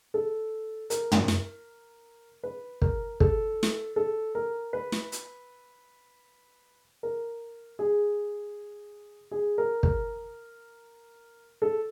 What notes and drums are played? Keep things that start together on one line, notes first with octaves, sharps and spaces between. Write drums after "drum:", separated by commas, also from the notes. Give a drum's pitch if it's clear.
A4
A#4, drum: hi-hat
drum: tom
drum: snare
B4
A#4, drum: kick
A4, drum: kick
drum: snare
A4
A#4
B4
drum: snare
drum: hi-hat
A#4
G#4
G#4
A#4
A#4, drum: kick
A4